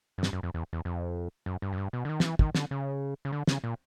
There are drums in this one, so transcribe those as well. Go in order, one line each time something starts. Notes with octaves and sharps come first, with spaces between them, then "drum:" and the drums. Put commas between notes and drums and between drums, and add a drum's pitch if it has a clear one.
F#2
G2, drum: snare
F#2
F2
E2
E2
F2
F#2
G2
F#2
G2
B2
D3
D#3
F3, drum: snare
E3
D#3, drum: kick
D3, drum: snare
C#3
C#3
D3
C#3, drum: snare
A#2